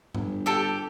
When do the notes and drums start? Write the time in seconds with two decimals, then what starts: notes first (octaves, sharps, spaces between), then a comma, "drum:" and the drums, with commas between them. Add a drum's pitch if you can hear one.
0.15 G1, drum: tom G#2
0.46 G4 A4 G5